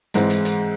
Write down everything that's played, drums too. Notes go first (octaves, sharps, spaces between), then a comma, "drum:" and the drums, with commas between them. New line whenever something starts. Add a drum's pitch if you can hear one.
G#2 E3 G#3 C4, drum: hi-hat
drum: hi-hat
drum: hi-hat